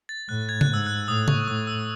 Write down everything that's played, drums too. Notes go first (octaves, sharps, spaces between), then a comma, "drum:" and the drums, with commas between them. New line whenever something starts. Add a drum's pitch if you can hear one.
A6
A2 F#6
G#6
F#6, drum: tom C#3
G#2 E6
F#6
A2 D#6
C#6, drum: tom C#3
A2 D#6
E6